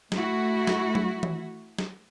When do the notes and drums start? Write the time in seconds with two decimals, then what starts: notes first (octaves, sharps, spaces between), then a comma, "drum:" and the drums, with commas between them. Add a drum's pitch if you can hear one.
0.12 A3 E4 F#4, drum: snare
0.67 drum: snare
0.95 drum: tom F#3
1.23 drum: tom E3
1.79 drum: snare